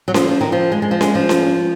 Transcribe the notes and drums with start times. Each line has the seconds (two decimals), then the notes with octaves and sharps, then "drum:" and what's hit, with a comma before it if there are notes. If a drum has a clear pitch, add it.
0.08 F#3
0.14 F3, drum: snare C#4
0.29 F3
0.41 D#3
0.52 F3
0.72 G#3
0.82 G#3
0.91 F3
1.01 G#3, drum: snare C#4
1.15 F3
1.29 drum: snare C#4